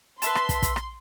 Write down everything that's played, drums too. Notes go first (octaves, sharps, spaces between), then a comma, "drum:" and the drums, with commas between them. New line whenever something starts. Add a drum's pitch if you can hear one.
B4 E5 A5 C6, drum: hi-hat
drum: rim click
drum: kick, hi-hat
drum: kick, hi-hat
drum: rim click